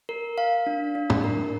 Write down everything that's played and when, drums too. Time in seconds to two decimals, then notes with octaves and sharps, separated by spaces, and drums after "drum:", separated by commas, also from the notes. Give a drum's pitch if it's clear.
0.09 A#4
0.38 F5
0.67 D4
0.95 D4
1.10 drum: tom
1.24 A#4